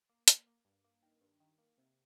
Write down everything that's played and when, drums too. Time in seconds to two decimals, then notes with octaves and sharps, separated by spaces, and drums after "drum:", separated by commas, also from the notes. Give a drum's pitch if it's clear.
0.09 A#3
0.28 A#3, drum: hi-hat
0.47 A#3
0.65 G2
0.85 A#3
1.03 D#3
1.21 G2
1.40 D#3
1.58 A#3
1.78 C3